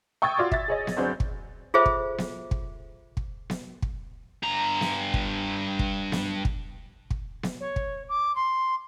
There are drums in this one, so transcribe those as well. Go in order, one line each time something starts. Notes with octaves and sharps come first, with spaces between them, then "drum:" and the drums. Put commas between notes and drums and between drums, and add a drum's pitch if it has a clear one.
G5 C#6 D#6 E6 G#6 A6
F4 F#4 D5 C6 D6
E5 A6, drum: kick
G#4 C#5 D#5
drum: snare B3
G1 F#3 C4 D4 G#4 G6
drum: kick
F4 G#4 A4 C5 E5
drum: kick
drum: snare B3
drum: kick
drum: kick
drum: snare B3
drum: kick
G2 A#5
drum: snare B3
drum: kick
drum: kick
drum: snare B3
drum: kick
drum: kick
drum: snare B3
C#5
drum: kick
D6
C6